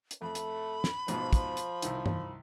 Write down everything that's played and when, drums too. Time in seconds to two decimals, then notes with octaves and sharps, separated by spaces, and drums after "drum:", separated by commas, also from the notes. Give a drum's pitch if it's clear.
0.11 drum: hi-hat
0.22 F2 A3 B5
0.35 drum: hi-hat
0.84 drum: snare
1.08 A#1 G#2 B2 F3, drum: hi-hat
1.33 drum: kick, hi-hat
1.57 drum: hi-hat
1.82 C2 D#3, drum: hi-hat
2.06 drum: tom G2